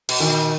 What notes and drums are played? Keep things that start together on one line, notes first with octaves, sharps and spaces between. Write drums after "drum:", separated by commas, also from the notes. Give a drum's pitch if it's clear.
B2, drum: cymbal
A#2 D#3